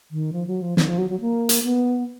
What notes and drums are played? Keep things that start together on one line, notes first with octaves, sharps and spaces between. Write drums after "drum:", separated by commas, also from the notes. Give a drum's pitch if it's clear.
D#3
F3
F#3
F3
D#3, drum: snare
F3
F#3
F#3
A#3
drum: hi-hat
B3